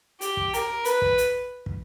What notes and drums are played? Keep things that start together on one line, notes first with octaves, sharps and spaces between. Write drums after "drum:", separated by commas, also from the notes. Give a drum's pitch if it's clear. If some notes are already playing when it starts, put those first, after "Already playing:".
G4, drum: hi-hat
drum: kick
A#4, drum: hi-hat
B4, drum: hi-hat
drum: kick
drum: hi-hat
drum: kick